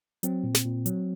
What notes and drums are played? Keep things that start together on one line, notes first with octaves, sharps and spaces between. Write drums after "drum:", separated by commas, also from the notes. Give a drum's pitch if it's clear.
F#3 C4, drum: hi-hat
A#2
drum: snare
A#2
F#3, drum: hi-hat